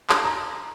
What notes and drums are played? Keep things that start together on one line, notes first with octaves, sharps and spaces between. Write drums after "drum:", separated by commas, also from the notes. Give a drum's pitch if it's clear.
A5, drum: clap
A#5